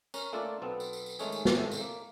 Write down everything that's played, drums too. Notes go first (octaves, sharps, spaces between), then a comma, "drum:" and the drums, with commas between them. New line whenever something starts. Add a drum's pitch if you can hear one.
C#4 A#4, drum: tambourine
A3 A#3 D4 F4 A4
B1 B3 C4 A4
drum: tambourine
drum: tambourine
drum: tambourine
D#3 G#3 A3 C#4 G#4, drum: tambourine
drum: tambourine
drum: snare
G#1 A2 C3 G#3 A3 E5
drum: tambourine
A#3